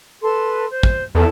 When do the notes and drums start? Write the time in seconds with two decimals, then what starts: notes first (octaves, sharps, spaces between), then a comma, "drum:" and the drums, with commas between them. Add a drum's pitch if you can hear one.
0.23 A4 B4 C6
0.70 C5
0.83 drum: kick
1.15 E2 E4 A4